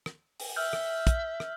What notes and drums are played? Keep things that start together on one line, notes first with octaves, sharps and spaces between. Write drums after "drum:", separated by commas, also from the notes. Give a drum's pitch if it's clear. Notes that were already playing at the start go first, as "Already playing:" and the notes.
drum: rim click
drum: open hi-hat
E5 E6 F6 G6
drum: rim click
drum: kick, hi-hat
drum: rim click